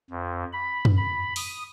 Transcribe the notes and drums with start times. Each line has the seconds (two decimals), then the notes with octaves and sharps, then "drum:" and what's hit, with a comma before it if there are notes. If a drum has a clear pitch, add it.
0.11 F2
0.52 B5
0.85 drum: tom
0.97 B5
1.36 D#6, drum: open hi-hat